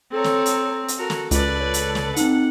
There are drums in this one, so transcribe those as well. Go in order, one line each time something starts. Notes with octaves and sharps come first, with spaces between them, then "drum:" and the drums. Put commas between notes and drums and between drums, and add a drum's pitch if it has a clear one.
C4 A4 C#5 A#5
drum: snare
drum: hi-hat
drum: hi-hat
F#4 A4 A#4
drum: snare
C#2 B4 D5, drum: hi-hat
A4 C#5
drum: hi-hat
drum: snare
C4 D#4 F#5, drum: hi-hat